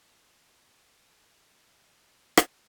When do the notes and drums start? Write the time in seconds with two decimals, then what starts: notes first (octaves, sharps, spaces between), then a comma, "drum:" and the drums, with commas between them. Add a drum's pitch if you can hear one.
0.10 A2 C4
2.37 drum: rim click